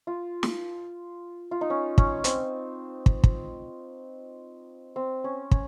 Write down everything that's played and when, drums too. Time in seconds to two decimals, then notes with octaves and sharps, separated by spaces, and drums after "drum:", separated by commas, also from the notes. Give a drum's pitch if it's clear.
0.07 F4
0.43 drum: snare
1.51 F4
1.61 D#4
1.70 C#4
1.98 C#4, drum: kick
2.24 C4, drum: hi-hat
3.06 drum: kick
3.24 drum: kick
4.96 C4
5.24 C#4
5.51 C#4, drum: kick